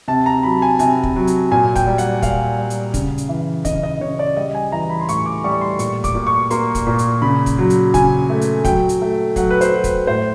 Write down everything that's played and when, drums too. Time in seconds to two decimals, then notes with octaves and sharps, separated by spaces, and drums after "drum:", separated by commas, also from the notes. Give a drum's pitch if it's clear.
0.08 C3 A5
0.26 A#5
0.43 F#3 B5
0.62 G#5
0.79 C3 G#5, drum: hi-hat
1.04 drum: kick
1.16 F#3
1.27 drum: hi-hat
1.51 A#2 G#5
1.76 G5, drum: kick, hi-hat
1.87 G3
1.98 F#5, drum: hi-hat
2.22 A#2 F5, drum: kick, hi-hat
2.58 G3
2.70 drum: hi-hat
2.94 C#3, drum: kick, hi-hat
3.18 drum: hi-hat
3.29 E3
3.65 C#3 D#5, drum: kick, hi-hat
3.83 D#5
4.00 C#3 C#5
4.19 D5
4.37 G3 D#5
4.55 G#5
4.72 E3 A#5
4.90 B5
5.01 C6
5.09 A2 C#6, drum: hi-hat
5.26 D6
5.44 G3 C#6
5.61 C6
5.79 A#2 C#6, drum: hi-hat
6.04 D6, drum: kick, hi-hat
6.15 A#2
6.27 C#6
6.50 A#3 C6, drum: hi-hat
6.75 drum: kick, hi-hat
6.87 A#2
6.99 drum: hi-hat
7.22 C#3 B5
7.46 drum: kick, hi-hat
7.58 F#3
7.70 drum: hi-hat
7.94 C#3 G#5, drum: kick, hi-hat
8.30 A3
8.41 drum: hi-hat
8.65 F#3 G5, drum: kick, hi-hat
8.89 drum: hi-hat
9.01 A3
9.36 F#3 F#5, drum: kick, hi-hat
9.51 B4
9.61 C5, drum: hi-hat
9.73 F#3
9.84 B4, drum: kick, hi-hat
10.07 A2 C5